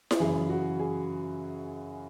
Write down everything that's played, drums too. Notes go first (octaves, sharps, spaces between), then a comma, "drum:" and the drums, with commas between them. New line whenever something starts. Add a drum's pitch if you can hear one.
drum: snare E4
F#2 C#3 E3 G#4
F#4
G#4